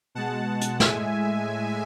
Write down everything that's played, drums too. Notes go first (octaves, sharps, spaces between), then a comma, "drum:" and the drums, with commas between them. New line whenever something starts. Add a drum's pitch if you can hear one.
B2 G#3 F#5 A5
drum: hi-hat
A2 G#3 E5 G#5, drum: snare